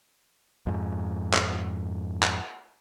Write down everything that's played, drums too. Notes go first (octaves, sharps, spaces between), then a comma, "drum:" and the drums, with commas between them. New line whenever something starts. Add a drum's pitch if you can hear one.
F2 G#2
drum: clap
drum: clap